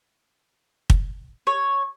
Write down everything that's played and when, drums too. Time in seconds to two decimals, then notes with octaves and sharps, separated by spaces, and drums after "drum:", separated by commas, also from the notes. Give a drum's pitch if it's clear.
0.90 drum: kick
1.47 C#5